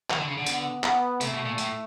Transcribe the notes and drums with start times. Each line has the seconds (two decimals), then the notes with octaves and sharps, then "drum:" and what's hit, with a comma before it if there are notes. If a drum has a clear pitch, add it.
0.10 E3, drum: clap
0.15 D#3
0.19 D3
0.28 C#3
0.37 D3
0.46 B3, drum: tambourine
0.84 B3, drum: clap
1.21 C3 A3, drum: tambourine
1.34 B2
1.46 A#2
1.58 A2, drum: tambourine